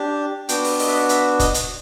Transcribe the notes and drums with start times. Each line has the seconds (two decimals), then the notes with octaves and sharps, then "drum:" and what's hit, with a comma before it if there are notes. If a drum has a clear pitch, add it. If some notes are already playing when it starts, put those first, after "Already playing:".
Already playing: D4 G4
0.49 B3 D4 F#4 G5, drum: hi-hat
0.64 drum: open hi-hat
0.79 D#5, drum: open hi-hat
0.87 E5
0.93 D#5
1.09 E5, drum: hi-hat
1.40 D#5, drum: kick, hi-hat
1.54 drum: hi-hat